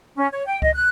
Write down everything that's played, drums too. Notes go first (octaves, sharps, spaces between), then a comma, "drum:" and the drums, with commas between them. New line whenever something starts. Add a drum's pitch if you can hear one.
C#4
C#5
G5
D#5, drum: kick C#2
F#6